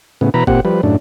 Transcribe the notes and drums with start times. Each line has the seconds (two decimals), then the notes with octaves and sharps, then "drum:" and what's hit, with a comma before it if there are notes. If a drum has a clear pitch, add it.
0.21 A2 C#3 B3
0.34 B2 E3 B4 A#5 B5
0.47 A#2 C4 G4 F#5, drum: kick F#1
0.65 F3 G3 B4
0.83 F#2 A2 D4